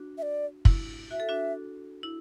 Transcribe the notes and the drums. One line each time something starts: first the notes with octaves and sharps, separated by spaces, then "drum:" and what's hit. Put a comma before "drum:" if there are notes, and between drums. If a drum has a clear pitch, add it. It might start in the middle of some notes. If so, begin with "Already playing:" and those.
Already playing: D4 F#4
E5
D5
E4, drum: kick
F#4 E5
A4
D4 F#4
E4